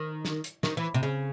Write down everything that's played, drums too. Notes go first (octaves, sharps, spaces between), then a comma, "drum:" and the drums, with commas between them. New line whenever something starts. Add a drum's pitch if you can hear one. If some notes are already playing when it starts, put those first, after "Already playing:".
Already playing: D#3
drum: snare
drum: hi-hat
D#3, drum: snare
E3
C3
C#3